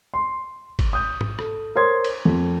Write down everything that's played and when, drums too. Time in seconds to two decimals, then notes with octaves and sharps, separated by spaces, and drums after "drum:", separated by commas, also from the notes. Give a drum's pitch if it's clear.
0.14 C6
0.79 drum: kick, cymbal
0.93 D#6 G6
1.21 drum: tom G#2
1.39 A4, drum: rim click
1.76 A#4 C5 C#5 C6 D#6 G#6
2.04 drum: cymbal
2.25 F2